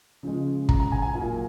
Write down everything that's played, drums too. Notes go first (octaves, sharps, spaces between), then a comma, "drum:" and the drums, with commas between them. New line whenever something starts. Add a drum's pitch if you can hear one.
C#3 F3 G#3
A#5, drum: kick
A#5
G#5
G#5
A#2 F#3 A#3 G#5